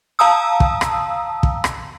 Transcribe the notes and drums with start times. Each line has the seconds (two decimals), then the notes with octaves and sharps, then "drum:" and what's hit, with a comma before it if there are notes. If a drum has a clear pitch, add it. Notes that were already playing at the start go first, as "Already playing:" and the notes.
0.19 F5 A5 A#5 D#6 E6
0.60 drum: kick
0.81 drum: rim click
1.43 drum: kick
1.64 drum: rim click